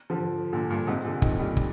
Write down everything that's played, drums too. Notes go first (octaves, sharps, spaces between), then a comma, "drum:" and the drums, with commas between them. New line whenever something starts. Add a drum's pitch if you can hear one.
D3 F3
A#2 D3
G2 A#2
G#2 C3
A#2 D3
C3 D#3, drum: kick
D#3 G3
drum: kick